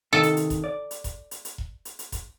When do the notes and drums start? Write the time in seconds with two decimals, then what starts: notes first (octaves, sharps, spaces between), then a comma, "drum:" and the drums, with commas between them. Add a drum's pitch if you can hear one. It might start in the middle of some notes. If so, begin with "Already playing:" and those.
0.13 C3 D#3 A4
0.23 drum: hi-hat
0.37 drum: hi-hat
0.50 drum: kick E1, hi-hat
0.64 D5
0.91 drum: hi-hat
1.04 drum: kick E1, hi-hat
1.31 drum: hi-hat
1.45 drum: hi-hat
1.58 drum: kick E1
1.85 drum: hi-hat
1.99 drum: hi-hat
2.12 drum: kick E1, hi-hat